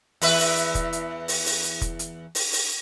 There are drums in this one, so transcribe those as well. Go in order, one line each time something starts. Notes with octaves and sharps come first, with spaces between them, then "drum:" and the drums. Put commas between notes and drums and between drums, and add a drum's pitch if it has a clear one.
E2 B4 E5, drum: open hi-hat
drum: open hi-hat
drum: hi-hat
drum: kick, hi-hat
drum: hi-hat
drum: open hi-hat
drum: open hi-hat
drum: hi-hat
drum: kick, hi-hat
drum: hi-hat
drum: open hi-hat
drum: open hi-hat